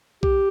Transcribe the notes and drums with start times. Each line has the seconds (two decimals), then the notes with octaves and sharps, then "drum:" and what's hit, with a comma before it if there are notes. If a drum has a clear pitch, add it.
0.23 G4, drum: kick B1